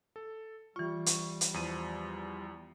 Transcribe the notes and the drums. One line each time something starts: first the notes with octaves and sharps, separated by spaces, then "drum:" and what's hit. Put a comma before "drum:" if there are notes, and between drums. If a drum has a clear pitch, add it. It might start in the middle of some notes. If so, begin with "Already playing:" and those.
A4
E3 G3 F4 C#6
drum: hi-hat
drum: hi-hat
E2 F3 D#7